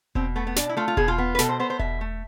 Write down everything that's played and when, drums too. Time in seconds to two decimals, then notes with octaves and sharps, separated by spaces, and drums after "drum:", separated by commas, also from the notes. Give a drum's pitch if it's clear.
0.15 B2 C4, drum: kick E1
0.36 A3 B3
0.47 B3
0.56 B2 D4, drum: snare
0.69 E4
0.77 A3 F4
0.88 F4
0.97 B2 G#4, drum: kick E1
1.08 F4
1.18 B3
1.35 B4
1.39 B2 A4, drum: snare
1.49 C5
1.60 B3 C5
1.70 C5
1.79 B2 E5, drum: kick E1
2.01 A3